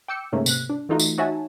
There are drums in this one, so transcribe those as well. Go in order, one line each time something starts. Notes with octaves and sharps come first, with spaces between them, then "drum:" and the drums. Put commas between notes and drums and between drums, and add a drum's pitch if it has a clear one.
G5 D6 E6 G6 C#7
G#2 C#3 A3 A#3 C#4
C3 F#6, drum: tambourine
D4
E3 A3 D#4 F4 F#4
drum: tambourine
D#4 F#4 C#5 E5 G#5 A5